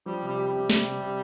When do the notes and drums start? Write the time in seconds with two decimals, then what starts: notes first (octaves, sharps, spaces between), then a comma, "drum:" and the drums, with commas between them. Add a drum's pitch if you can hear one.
0.06 F3 G3
0.23 C3 G3
0.37 G4
0.48 C3 G3
0.70 C3, drum: snare
0.85 C3
1.00 C3